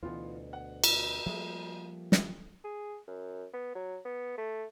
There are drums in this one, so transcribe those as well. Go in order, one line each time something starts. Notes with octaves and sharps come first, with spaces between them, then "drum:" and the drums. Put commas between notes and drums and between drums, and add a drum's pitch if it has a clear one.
D2 B2 E3 B3 F4
F#5
drum: cymbal
F3 G3 A3 A#3 G#4 E5
drum: snare
G#4
F#2
B3
F#3
B3
A3